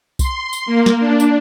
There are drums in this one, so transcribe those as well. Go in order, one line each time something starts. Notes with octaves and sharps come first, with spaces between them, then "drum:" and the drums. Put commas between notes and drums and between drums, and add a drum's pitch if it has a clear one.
C6, drum: kick B1, tambourine
drum: tambourine
A#3
drum: snare
D4
drum: tambourine